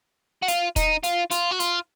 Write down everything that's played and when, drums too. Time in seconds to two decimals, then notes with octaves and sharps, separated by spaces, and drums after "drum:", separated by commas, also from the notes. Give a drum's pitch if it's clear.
0.42 F#4
0.48 F4, drum: hi-hat
0.76 D#4, drum: kick D#1, hi-hat
1.04 F4, drum: hi-hat
1.31 F4, drum: hi-hat
1.52 F#4
1.60 F4, drum: hi-hat